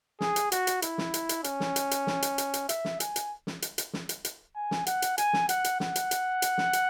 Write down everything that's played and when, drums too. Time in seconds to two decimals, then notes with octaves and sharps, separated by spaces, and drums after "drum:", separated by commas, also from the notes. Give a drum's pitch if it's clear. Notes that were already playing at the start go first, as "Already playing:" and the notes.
0.21 G#4, drum: snare
0.36 drum: hi-hat
0.52 F#4, drum: hi-hat
0.67 drum: hi-hat
0.82 E4, drum: hi-hat
0.98 drum: snare
1.14 drum: hi-hat
1.29 drum: hi-hat
1.44 C#4, drum: hi-hat
1.60 drum: snare
1.76 drum: hi-hat
1.91 drum: hi-hat
2.07 drum: snare
2.22 drum: hi-hat
2.38 drum: hi-hat
2.54 drum: hi-hat
2.69 E5, drum: hi-hat
2.85 drum: snare
3.00 G#5, drum: hi-hat
3.16 drum: hi-hat
3.47 drum: snare
3.62 drum: hi-hat
3.78 drum: hi-hat
3.93 drum: snare
4.09 drum: hi-hat
4.25 drum: hi-hat
4.56 G#5
4.71 drum: snare
4.87 F#5, drum: hi-hat
5.02 drum: hi-hat
5.18 G#5, drum: hi-hat
5.33 drum: snare
5.49 F#5, drum: hi-hat
5.64 drum: hi-hat
5.80 F#5, drum: snare
5.96 drum: hi-hat
6.11 drum: hi-hat
6.42 drum: hi-hat
6.58 drum: snare
6.73 drum: hi-hat